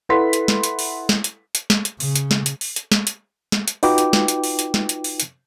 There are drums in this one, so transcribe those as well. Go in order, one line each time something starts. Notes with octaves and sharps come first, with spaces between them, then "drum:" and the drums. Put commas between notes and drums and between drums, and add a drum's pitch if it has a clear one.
E4 A4 B4 F#5 C6 B6
drum: hi-hat
drum: snare
drum: hi-hat
drum: open hi-hat
drum: snare
drum: hi-hat
drum: hi-hat
drum: snare
drum: hi-hat
C#3, drum: open hi-hat
drum: hi-hat
drum: snare
drum: hi-hat
drum: open hi-hat
drum: hi-hat
drum: snare
drum: hi-hat
drum: snare
drum: hi-hat
D#4 F4 F#4 B4 G5 D6, drum: open hi-hat
drum: hi-hat
drum: snare
drum: hi-hat
drum: open hi-hat
drum: hi-hat
drum: snare
drum: hi-hat
drum: open hi-hat
drum: hi-hat